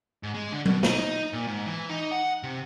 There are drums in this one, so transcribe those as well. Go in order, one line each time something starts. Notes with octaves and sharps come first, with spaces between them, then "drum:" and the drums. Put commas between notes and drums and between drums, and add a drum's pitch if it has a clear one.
G#2
G#3
D3
B2, drum: tom F#3
D#4, drum: snare
D#4
A#2
G#2
E3
D#4
F#5
C3